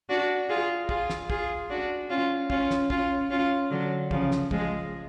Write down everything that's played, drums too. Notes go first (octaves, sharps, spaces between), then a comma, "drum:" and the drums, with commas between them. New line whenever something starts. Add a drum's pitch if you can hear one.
D4 F#4
F4 G#4
F4 G#4, drum: kick
drum: snare
F4 G#4, drum: kick
D4 F#4
C#4 F4
C#4 F4, drum: kick
drum: snare
C#4 F4, drum: kick
C#4 F4
D3 F#3
C#3 F3, drum: kick
drum: snare
F3 G#3, drum: kick